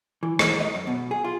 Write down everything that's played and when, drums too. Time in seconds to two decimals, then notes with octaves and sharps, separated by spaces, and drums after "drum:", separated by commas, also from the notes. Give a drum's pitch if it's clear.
0.23 E3
0.39 D#2, drum: rim click
0.60 D#5
0.75 F#2
0.87 B2
1.11 G#4
1.24 F4